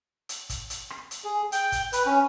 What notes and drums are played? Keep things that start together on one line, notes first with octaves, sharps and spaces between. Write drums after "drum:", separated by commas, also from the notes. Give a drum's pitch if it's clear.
drum: hi-hat
drum: kick, hi-hat
drum: hi-hat
drum: rim click
drum: hi-hat
G#4
G5, drum: hi-hat
drum: kick, hi-hat
B4, drum: hi-hat
C#4